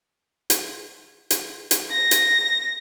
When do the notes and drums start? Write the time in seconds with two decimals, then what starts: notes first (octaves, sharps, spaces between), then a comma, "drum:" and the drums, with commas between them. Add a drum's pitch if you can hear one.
0.50 drum: hi-hat
1.30 drum: hi-hat
1.71 drum: hi-hat
1.91 A#6
2.11 drum: hi-hat